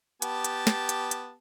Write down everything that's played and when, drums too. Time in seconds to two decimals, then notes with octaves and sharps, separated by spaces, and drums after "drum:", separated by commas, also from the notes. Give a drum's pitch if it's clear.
0.22 B3 G4 A5, drum: hi-hat
0.44 drum: hi-hat
0.67 drum: snare
0.89 drum: hi-hat
1.11 drum: hi-hat